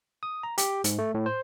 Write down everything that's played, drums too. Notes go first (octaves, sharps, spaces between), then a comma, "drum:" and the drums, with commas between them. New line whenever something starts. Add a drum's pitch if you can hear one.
D#6
A#5
G4, drum: hi-hat
G#2, drum: hi-hat
A3
A2
C5